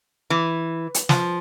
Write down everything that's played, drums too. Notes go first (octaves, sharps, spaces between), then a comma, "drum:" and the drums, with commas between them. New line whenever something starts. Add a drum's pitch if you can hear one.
E3
drum: hi-hat
F3, drum: snare